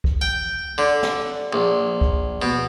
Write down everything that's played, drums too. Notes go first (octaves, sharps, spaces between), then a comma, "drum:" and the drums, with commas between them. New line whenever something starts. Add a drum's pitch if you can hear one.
drum: kick
G5
D3
drum: snare
A#1
drum: kick
B2